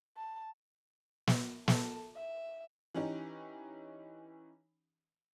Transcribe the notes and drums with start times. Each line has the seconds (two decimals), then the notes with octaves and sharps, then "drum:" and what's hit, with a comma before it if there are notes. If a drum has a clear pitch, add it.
0.17 A5
1.27 drum: snare
1.68 A4, drum: snare
2.17 E5
2.94 E3 C#4 D#4 G4